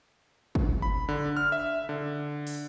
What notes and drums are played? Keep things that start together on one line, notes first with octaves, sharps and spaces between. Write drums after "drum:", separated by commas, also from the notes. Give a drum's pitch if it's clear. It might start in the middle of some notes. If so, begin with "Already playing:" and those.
drum: kick
B5
D3
F6
E5
D3
drum: open hi-hat